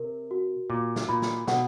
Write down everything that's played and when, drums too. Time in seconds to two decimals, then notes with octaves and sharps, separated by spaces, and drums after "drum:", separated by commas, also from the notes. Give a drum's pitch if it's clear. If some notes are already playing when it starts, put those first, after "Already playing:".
Already playing: C3 A#4
0.31 F#4
0.70 A#2 D6
0.96 drum: snare
1.09 A#2 B5
1.22 drum: snare
1.47 B2 F#5, drum: snare